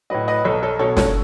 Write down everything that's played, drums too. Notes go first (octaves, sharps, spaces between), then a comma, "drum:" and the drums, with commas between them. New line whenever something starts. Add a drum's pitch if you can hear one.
A2 F#3 B4 D#5
B4 D#5
B1 A4 C#5
A4 C#5
B2 F#3 A4 C#5
A4 C#5, drum: snare